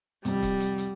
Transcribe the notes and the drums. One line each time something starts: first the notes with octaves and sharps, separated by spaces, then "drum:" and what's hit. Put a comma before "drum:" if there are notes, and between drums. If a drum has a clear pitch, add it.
C2 F2 G3, drum: hi-hat
drum: kick C#1, hi-hat
drum: hi-hat
drum: hi-hat